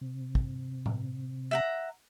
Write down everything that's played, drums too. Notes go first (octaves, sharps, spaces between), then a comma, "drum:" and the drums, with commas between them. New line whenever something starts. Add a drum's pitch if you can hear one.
C3
drum: kick
drum: tom A2
E5 F#5 A#5